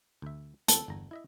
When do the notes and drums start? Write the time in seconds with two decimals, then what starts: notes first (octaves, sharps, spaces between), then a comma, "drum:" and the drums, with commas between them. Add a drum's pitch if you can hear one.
0.22 D2 E5
0.68 D#2 B3 C4 A4, drum: hi-hat
0.88 G1 E2 A#5
1.11 E4 D#5 E5